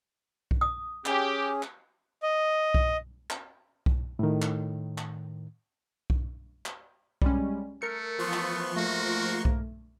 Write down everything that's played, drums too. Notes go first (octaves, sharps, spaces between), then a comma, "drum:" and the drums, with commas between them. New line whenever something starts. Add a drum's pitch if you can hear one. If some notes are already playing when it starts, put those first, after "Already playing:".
drum: kick B1
D#6
C#4 G4 G#4, drum: clap
drum: clap
D#5
drum: kick B1
drum: clap
drum: kick B1
A2 D#3
drum: clap
drum: clap
drum: kick B1
drum: clap
G3 G#3 C#4, drum: kick B1
A3 A#4 C#7
E3 F3 B3 C6 C#6
drum: clap
G#2 A3 A#3 F#4 A#4
drum: kick B1